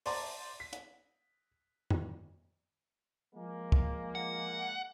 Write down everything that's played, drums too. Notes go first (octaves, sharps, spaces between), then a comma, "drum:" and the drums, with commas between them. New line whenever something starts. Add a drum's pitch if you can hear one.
C5 D5 A5 A#5 C6, drum: open hi-hat
B6
drum: hi-hat
drum: tom F2
F3 G#3 A#3
drum: kick
F#5